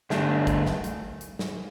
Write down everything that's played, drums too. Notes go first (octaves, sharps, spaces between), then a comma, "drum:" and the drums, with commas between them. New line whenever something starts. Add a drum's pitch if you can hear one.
G2 D3 A3 D4, drum: snare
drum: kick, hi-hat
drum: snare
drum: hi-hat
drum: hi-hat
drum: snare